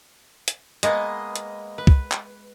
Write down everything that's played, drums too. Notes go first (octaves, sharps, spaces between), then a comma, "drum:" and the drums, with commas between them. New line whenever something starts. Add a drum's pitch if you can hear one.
drum: hi-hat
G#3 A#3 B3 D#5, drum: hi-hat
drum: hi-hat
B4
drum: kick C2
drum: clap